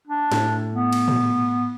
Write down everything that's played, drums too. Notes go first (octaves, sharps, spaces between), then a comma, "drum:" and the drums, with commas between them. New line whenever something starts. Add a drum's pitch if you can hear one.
D4
A2, drum: snare
B3
drum: cymbal
drum: tom